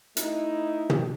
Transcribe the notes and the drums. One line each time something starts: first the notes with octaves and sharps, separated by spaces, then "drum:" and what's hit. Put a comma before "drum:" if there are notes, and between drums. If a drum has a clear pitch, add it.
A3 D#4 E4, drum: hi-hat
drum: tom